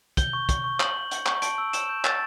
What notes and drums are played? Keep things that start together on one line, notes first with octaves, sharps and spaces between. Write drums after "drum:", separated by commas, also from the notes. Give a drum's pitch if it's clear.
G6 G7, drum: kick, hi-hat
C#6
C#6, drum: kick, hi-hat
C#6
G6 F#7, drum: clap
C#6
G6, drum: hi-hat
C#6, drum: clap
A5 D7, drum: hi-hat
E6
E6 E7, drum: hi-hat
G6
E6 A6, drum: clap